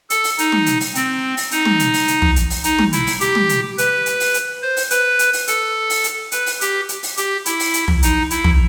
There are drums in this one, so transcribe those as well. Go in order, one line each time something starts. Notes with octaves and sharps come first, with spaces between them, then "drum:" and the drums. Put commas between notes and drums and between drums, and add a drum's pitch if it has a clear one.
A4, drum: hi-hat
drum: open hi-hat
D#4, drum: hi-hat
drum: tom
drum: hi-hat
drum: open hi-hat
C4, drum: hi-hat
drum: open hi-hat
D#4, drum: hi-hat
drum: tom
drum: hi-hat
drum: open hi-hat
drum: hi-hat
drum: tom
drum: hi-hat
drum: open hi-hat
D#4, drum: hi-hat
drum: tom
E4, drum: hi-hat
drum: open hi-hat
G4, drum: hi-hat
drum: tom
drum: hi-hat
B4, drum: hi-hat
drum: hi-hat
drum: open hi-hat
drum: hi-hat
C5
drum: open hi-hat
B4, drum: hi-hat
drum: hi-hat
drum: open hi-hat
A4, drum: hi-hat
drum: open hi-hat
drum: hi-hat
B4, drum: hi-hat
drum: open hi-hat
G4, drum: hi-hat
drum: hi-hat
drum: open hi-hat
G4, drum: hi-hat
E4, drum: hi-hat
drum: open hi-hat
drum: hi-hat
drum: tom
D#4, drum: hi-hat
E4, drum: hi-hat
drum: tom